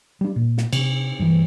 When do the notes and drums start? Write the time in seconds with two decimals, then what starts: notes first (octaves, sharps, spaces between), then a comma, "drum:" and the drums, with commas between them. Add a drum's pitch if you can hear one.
0.21 G3 D4
0.36 A#2
0.58 drum: snare
0.73 C3, drum: cymbal
1.20 G2 E3